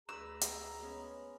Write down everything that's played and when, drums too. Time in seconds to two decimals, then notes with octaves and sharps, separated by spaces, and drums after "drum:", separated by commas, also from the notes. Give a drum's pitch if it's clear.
0.09 D2 D4 G#4 B4 A#5 E6
0.41 drum: hi-hat
0.79 G#3 B3 C#4